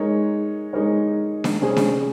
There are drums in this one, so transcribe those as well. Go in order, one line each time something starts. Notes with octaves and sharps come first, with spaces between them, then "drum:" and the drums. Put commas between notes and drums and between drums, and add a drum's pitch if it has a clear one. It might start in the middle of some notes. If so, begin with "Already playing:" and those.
Already playing: G#3 D#4 A#4 C#5
G#3 D#4 A#4 C#5
drum: snare D4
C3 G3 C#4 G#4 C5
drum: snare D4